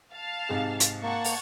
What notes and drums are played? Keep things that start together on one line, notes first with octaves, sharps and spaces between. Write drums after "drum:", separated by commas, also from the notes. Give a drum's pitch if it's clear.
F5 A5
G#2 C3 G#4
drum: hi-hat
A#3 F#5 A5 C#6
drum: open hi-hat